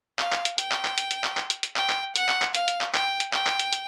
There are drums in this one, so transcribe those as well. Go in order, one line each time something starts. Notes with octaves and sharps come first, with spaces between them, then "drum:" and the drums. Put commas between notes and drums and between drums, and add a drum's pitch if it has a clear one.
F5, drum: clap
drum: clap
drum: hi-hat
G5, drum: hi-hat
drum: clap
drum: clap
drum: hi-hat
drum: hi-hat
drum: clap
drum: clap
drum: hi-hat
drum: hi-hat
G5, drum: clap
drum: clap
F#5, drum: hi-hat
drum: clap
drum: clap
F5, drum: hi-hat
drum: hi-hat
drum: clap
G5, drum: clap
drum: hi-hat
G5, drum: clap
drum: clap
drum: hi-hat
drum: hi-hat